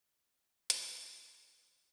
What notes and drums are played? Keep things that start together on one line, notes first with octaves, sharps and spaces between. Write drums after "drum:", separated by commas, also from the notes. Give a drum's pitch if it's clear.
C#5
D4, drum: hi-hat
C5